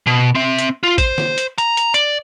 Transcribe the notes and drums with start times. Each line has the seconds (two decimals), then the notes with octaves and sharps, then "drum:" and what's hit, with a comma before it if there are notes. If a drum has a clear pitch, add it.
0.07 B2
0.35 C4 E5
0.58 drum: hi-hat
0.83 F4
0.98 C5, drum: kick, hi-hat
1.18 drum: snare
1.38 drum: hi-hat
1.58 A#5, drum: hi-hat
1.77 drum: hi-hat
1.94 D5, drum: hi-hat